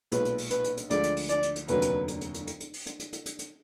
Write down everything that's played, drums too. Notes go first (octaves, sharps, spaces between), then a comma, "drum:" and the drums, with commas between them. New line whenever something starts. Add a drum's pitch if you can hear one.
B1 A#2 G#3 B4, drum: hi-hat
drum: hi-hat
drum: open hi-hat
B4, drum: hi-hat
drum: hi-hat
drum: hi-hat
D2 D3 F3 G#3 D5, drum: hi-hat
drum: hi-hat
drum: open hi-hat
D5, drum: hi-hat
drum: hi-hat
drum: hi-hat
F1 D#2 D3 F#3 B4, drum: hi-hat
drum: hi-hat
drum: hi-hat
drum: hi-hat
drum: hi-hat
drum: hi-hat
drum: hi-hat
drum: open hi-hat
drum: hi-hat
drum: hi-hat
drum: hi-hat
drum: hi-hat
drum: hi-hat